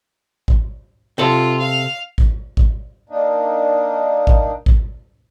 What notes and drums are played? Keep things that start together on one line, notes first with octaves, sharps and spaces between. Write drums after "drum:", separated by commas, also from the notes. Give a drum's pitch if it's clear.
drum: kick G#1
C3 F4 A4
F5
drum: kick G#1
drum: kick G#1
A#3 D4 D#4
drum: kick G#1
drum: kick G#1